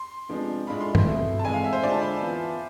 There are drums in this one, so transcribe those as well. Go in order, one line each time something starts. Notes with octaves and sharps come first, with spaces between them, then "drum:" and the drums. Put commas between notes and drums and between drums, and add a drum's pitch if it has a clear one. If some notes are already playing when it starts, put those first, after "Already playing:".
Already playing: C6
C3 F3 G#3 B3 D4
A2 G#3 D4 F4 B5
C6
B5, drum: tom G2
B2 A3 C4 E4
A5
A2 E3 G#3 C4 E4 G#5
F5
E5
C5
D3 G#3 D4 F4 D5
A5
B5
E3 B3 F4